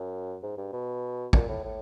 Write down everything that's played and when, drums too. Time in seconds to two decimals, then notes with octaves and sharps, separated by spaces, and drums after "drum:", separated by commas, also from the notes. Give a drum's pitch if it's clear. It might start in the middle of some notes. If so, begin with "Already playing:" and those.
Already playing: F#2
0.43 G#2
0.57 G2
0.72 B2
1.33 A#2, drum: kick
1.48 A2
1.63 A2